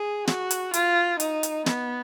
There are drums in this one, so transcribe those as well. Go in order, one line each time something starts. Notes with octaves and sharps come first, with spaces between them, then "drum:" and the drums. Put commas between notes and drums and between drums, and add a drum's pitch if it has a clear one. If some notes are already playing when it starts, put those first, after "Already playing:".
Already playing: G#4
F#4, drum: snare
drum: hi-hat
F4, drum: hi-hat
D#4, drum: hi-hat
drum: hi-hat
B3, drum: snare